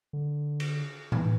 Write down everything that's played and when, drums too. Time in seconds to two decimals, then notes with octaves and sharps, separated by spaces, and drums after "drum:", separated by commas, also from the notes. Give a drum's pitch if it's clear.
0.13 D3
0.60 drum: cymbal
1.12 E3, drum: tom A2